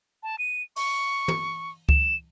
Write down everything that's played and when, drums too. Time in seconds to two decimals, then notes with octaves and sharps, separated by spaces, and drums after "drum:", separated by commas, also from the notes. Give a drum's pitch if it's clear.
0.23 A5
0.39 D#7
0.76 C#6, drum: open hi-hat
1.28 drum: tom
1.89 E7, drum: kick C#2